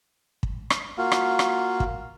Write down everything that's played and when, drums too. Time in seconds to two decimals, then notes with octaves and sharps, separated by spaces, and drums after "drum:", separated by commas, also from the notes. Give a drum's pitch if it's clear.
0.43 drum: kick
0.70 drum: rim click
0.98 A#3 F4 F#4
1.12 drum: rim click
1.39 drum: rim click
1.80 drum: kick